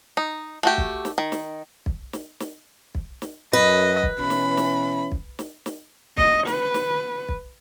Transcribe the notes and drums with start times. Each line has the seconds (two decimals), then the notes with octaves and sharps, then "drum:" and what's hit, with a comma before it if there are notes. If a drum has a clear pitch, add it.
0.17 D#4
0.63 A3 F#4 G4
0.78 drum: kick
1.05 drum: snare
1.18 D#3
1.32 drum: snare
1.86 drum: kick
2.13 drum: snare
2.40 drum: snare
2.95 drum: kick
3.22 drum: snare
3.53 F#2 B4 D#5
4.03 drum: kick
4.19 B2 E3 C#4 B5
4.30 drum: snare
4.57 drum: snare
5.12 drum: kick
5.39 drum: snare
5.66 drum: snare
6.17 D#5, drum: kick
6.47 B4, drum: snare
6.74 drum: snare
7.29 drum: kick